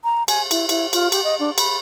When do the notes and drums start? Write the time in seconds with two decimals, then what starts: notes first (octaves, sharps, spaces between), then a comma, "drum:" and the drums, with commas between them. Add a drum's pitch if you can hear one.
0.04 A#5
0.28 G#5, drum: cymbal
0.51 E4, drum: cymbal
0.69 E4, drum: cymbal
0.93 F4, drum: cymbal
1.12 G4, drum: cymbal
1.24 D#5
1.40 D4
1.58 B5, drum: cymbal